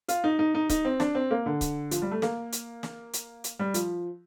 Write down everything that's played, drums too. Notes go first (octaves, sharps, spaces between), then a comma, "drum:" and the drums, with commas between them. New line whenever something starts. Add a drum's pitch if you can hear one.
F4, drum: hi-hat
D#4
D#4
D#4
D#4, drum: kick C#1, hi-hat
C4
D4, drum: snare
C4
A#3
D3
drum: kick C#1, hi-hat
F3, drum: hi-hat
G3
A3
A#3, drum: snare
drum: hi-hat
drum: snare
drum: hi-hat
drum: hi-hat
G3
F3, drum: hi-hat